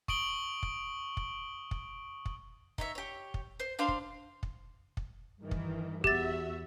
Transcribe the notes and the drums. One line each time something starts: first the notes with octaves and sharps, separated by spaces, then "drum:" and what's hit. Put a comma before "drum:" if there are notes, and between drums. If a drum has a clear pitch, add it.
C#6 D#6 D7 F#7 G7, drum: kick
drum: kick
drum: kick
drum: kick
drum: kick
D#4 C#5 E5, drum: kick
G4 C#5
drum: kick
C5
D4 C5 F5 C6
drum: kick
drum: kick
drum: kick
G2 D#3 E3
drum: kick
E2 F#4 G4 E5 A6, drum: kick